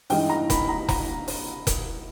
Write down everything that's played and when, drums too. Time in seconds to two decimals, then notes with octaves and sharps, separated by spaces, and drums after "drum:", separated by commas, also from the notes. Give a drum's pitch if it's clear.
0.10 G2 E3 G#3 D#4 G5, drum: open hi-hat
0.30 A#5
0.50 B5, drum: kick F1, hi-hat
0.69 A#5
0.89 A#5, drum: kick F1, open hi-hat
1.28 drum: open hi-hat
1.67 drum: kick F1, hi-hat